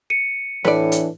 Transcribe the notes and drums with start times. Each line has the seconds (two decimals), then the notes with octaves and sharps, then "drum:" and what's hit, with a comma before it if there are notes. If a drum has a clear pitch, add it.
0.10 C#7 D#7
0.65 A2 E3 D4 B4 D5, drum: snare
0.92 drum: hi-hat